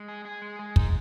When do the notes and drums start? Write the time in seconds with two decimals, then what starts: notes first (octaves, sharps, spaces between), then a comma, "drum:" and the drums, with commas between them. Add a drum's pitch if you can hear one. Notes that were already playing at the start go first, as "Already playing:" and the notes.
Already playing: G#3
0.08 G#4
0.25 G#4
0.42 G#3
0.59 G#3
0.76 D#4, drum: kick